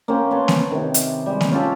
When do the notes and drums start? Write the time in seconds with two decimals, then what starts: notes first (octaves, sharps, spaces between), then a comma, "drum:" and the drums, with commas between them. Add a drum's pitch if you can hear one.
0.08 A#3 C#4 G4 C5
0.31 B4 C#5 A5 C6
0.48 drum: snare A#3
0.71 C3 D#3
0.94 drum: hi-hat
1.26 G3 G#3
1.41 drum: snare A#3
1.51 C#4 F4 G4 A4